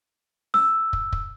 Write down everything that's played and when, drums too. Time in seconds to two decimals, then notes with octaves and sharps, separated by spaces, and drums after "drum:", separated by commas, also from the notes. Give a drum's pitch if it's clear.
0.54 E6, drum: snare C#4
0.93 drum: kick
1.12 drum: kick